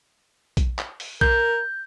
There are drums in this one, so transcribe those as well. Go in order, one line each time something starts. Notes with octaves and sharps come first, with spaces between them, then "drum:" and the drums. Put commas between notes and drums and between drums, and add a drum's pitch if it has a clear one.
drum: kick A#1, hi-hat
drum: clap
drum: open hi-hat
A#4 G6, drum: kick A#1